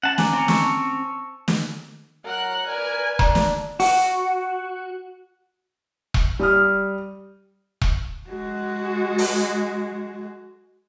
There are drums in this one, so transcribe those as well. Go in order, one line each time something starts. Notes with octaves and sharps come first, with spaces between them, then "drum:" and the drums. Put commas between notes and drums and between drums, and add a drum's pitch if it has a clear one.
C#4 F#5 A5
G#5 A#5 D6, drum: snare
C4 C#4
A5 C#6 E6, drum: snare
drum: snare
F#3 A#4 F#5 F#6
A#4 B4 D5 G#5
A#3 D4 A#5, drum: kick E1
drum: snare
F#4, drum: open hi-hat
drum: kick E1
G3 D#6 F6
drum: kick E1
G#3 F#4
drum: open hi-hat